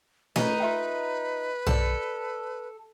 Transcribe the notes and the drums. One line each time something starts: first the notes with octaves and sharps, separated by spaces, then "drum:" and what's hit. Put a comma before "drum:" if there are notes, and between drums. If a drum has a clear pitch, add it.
C#4 D#4 B4, drum: snare
F4 E5 G5
A4 C5 D5, drum: tom